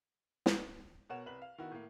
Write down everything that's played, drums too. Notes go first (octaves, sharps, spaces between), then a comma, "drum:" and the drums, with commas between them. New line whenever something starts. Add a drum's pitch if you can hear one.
drum: snare
B2 A#4 C#5 F#5 E7
C2 B4 F#7
F5
D#3 B3 E4 F#4
A2 A#3